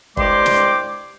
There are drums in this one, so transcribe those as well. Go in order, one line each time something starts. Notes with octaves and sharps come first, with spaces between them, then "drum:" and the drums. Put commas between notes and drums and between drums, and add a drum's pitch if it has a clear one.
C2 G2 G#3 G5 C6 D6, drum: kick
drum: snare